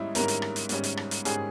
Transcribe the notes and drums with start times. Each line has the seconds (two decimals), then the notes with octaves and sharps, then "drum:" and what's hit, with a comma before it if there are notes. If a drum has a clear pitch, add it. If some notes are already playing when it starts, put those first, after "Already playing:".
Already playing: G#2 G3 C#4 D#4 E4
0.15 G#2 G3 C#4 A#4, drum: hi-hat
0.28 drum: hi-hat
0.42 drum: rim click
0.56 drum: hi-hat
0.69 G#2 G3 C#4, drum: hi-hat
0.84 drum: hi-hat
0.97 drum: rim click
1.11 drum: hi-hat
1.25 G#2 G3 C#4 G#4, drum: hi-hat